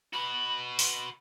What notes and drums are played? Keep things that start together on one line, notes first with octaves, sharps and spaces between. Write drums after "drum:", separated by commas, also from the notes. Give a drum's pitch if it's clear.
F#4 B4 B5
C6, drum: open hi-hat